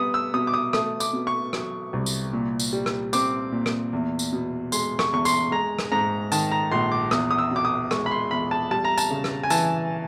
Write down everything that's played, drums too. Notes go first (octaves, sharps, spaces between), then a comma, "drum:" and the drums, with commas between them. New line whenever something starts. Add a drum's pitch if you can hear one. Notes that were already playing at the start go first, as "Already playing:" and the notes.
Already playing: G3 B3 D#6
E6
B2 D#6
D6
D#6
A3 D#6, drum: rim click
D6, drum: tambourine
B2
C#6
F#3, drum: rim click
C2
drum: tambourine
A#2
drum: tambourine
G3
drum: rim click
C4 D6, drum: tambourine
A#2
drum: rim click
E2
drum: tambourine
B2
G#3 C6, drum: tambourine
C#6, drum: rim click
E2 C#6
C6, drum: tambourine
G#3 A#5
drum: rim click
G#2 A#5
D#3 A5, drum: tambourine
A#5
A#1 C6
D6
E2 D#6, drum: rim click
D#6
E6
B2 D6
D#6
G#3 C#6, drum: rim click
B5
C6
E2 B5
A5
G3 A5
A#5
A5, drum: tambourine
C#3
drum: rim click
G#5
E3 A5, drum: tambourine